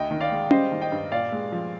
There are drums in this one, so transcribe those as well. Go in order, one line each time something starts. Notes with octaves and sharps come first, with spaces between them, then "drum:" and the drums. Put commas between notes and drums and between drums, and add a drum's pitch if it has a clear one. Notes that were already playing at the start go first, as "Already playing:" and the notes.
Already playing: D2 D#5 G5
D#3
D5 F5
G#3
G3 C5 D#5, drum: tom C#4
D#3
D#5 G5
G2
A#2 D5 F5
G#3
F3